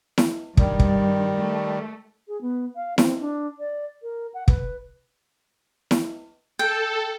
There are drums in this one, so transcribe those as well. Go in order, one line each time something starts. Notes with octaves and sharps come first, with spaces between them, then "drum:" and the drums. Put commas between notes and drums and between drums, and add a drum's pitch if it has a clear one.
drum: snare E4
G2 D#3 G3, drum: kick
drum: kick
A3
G#4
B3
F5
C4, drum: snare E4
D4
D5
A#4
F#5
B4, drum: kick
drum: snare E4
A4 G5